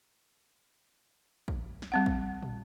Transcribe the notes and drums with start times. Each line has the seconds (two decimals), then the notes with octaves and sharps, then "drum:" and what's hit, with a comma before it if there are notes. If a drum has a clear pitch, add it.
1.48 drum: kick
1.82 drum: snare
1.92 G3 C4 F#5
2.06 drum: kick
2.42 drum: tom